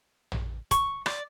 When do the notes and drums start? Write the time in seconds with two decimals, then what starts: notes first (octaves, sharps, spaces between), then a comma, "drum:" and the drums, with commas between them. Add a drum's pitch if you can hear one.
0.32 drum: tom
0.71 C#6, drum: kick, hi-hat
1.06 D5, drum: rim click